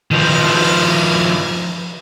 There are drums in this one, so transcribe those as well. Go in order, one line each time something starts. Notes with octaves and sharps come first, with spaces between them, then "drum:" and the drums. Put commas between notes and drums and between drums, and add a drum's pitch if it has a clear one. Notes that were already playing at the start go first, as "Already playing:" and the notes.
D#3 F3, drum: cymbal
drum: cymbal